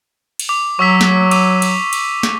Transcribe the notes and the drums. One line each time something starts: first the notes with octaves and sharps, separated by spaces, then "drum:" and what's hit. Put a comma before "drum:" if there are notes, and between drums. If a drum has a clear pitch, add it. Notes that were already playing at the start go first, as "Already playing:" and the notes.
drum: cymbal
D6
F#3 C#6 E6 B6
drum: snare
D6 D#7, drum: cymbal
drum: cymbal
drum: cymbal
drum: snare